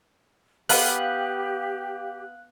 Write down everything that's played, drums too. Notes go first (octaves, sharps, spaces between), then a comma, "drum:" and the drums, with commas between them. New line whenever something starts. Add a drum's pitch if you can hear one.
B3 G4 F5 F#6, drum: open hi-hat